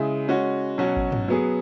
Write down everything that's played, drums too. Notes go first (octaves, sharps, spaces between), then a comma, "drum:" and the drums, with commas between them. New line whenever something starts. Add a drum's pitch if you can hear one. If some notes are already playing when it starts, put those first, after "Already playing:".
Already playing: C#3 G#3 E4 G#4
G#3 C#4 F#4
B2 F#3 C#4 F#4
drum: kick G#1
drum: tom
F#3 B3 G#4